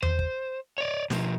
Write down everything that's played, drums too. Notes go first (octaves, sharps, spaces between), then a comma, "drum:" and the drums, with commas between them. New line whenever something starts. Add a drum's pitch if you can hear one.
C5, drum: tom E2
drum: kick
C#5 D5
B2 F3 F4, drum: snare